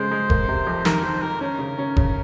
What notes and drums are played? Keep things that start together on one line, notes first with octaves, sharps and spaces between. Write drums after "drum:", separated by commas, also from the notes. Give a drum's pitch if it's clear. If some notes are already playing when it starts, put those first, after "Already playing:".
Already playing: C#3 G#3 C5
G#3
A#3, drum: kick F1
C3
F2
D#3 A#4, drum: snare
D#3 C5
D#3 A#4
C#4 A#4
C#3
C#4
C#3, drum: kick F1